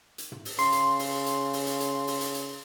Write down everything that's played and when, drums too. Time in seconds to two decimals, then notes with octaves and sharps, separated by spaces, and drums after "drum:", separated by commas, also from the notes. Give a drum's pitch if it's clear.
0.18 drum: hi-hat
0.32 drum: tom
0.45 drum: open hi-hat
0.59 C#3 C6, drum: hi-hat
0.72 drum: hi-hat
0.99 drum: open hi-hat
1.26 drum: hi-hat
1.53 drum: open hi-hat
1.67 drum: hi-hat
1.80 drum: hi-hat
2.07 drum: open hi-hat
2.21 drum: hi-hat
2.34 drum: hi-hat